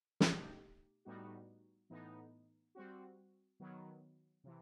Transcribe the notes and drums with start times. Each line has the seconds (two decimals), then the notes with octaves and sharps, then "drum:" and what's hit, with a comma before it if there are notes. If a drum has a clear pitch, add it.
0.20 B2 A3 D#4 G4, drum: snare
1.05 A2 G3 B3 D#4 F#4
1.90 A2 E3 B3 D#4
2.75 G3 C4 F#4
3.60 D#3 F#3 B3
4.44 C3 E3